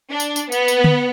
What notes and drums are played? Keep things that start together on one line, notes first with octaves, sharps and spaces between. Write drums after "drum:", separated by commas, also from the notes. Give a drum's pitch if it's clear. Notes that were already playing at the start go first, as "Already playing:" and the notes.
D4
drum: tambourine
drum: tambourine
B3, drum: tambourine
drum: tambourine
drum: tom D3